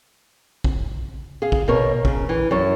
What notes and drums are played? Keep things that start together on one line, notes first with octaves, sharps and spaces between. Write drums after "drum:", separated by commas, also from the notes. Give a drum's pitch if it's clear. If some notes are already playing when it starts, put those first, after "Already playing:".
drum: kick
G#4 F5
drum: kick
B2 A#4 C#5
C#3, drum: kick
E3
F#2 C#5